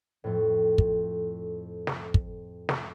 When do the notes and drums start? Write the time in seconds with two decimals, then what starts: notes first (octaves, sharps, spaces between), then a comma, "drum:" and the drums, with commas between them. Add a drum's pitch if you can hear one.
0.24 F2 A2
0.78 drum: kick
1.87 drum: snare
2.14 drum: kick
2.69 drum: snare